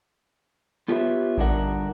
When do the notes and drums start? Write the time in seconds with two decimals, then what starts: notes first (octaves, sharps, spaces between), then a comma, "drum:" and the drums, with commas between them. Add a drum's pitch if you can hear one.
0.88 B3 F4 G4 B4 C#5 E5
1.38 G2 D3 D4 D#4 A#4 F#5, drum: kick A1